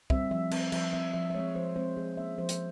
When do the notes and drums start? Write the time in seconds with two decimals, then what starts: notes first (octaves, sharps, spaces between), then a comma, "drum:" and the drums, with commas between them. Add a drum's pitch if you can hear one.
0.10 G3 C4 E5, drum: kick
0.31 F3 E5
0.51 C4, drum: cymbal
0.72 F3 E5, drum: cymbal
0.93 C4 E5
1.13 F3 E5
1.30 E5
1.35 G#3 C4 C#5
1.55 F3 C5
1.76 G#3 C4 C5
1.97 F3 G#4
2.17 A#3 C#4 E5
2.38 F3 C5
2.49 drum: hi-hat